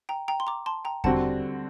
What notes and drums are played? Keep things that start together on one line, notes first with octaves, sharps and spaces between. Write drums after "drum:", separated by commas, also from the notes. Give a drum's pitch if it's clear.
G5 A#5
G5 A#5
C6
A#5 D6
A5 C6
G5 A#5
D3 G3 C4 F#4 F#5 A5, drum: kick E2